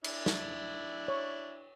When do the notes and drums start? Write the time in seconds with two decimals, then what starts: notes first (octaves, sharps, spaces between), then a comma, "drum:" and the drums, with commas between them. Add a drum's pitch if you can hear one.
0.04 D4 E4, drum: cymbal
0.26 drum: snare
1.08 C#5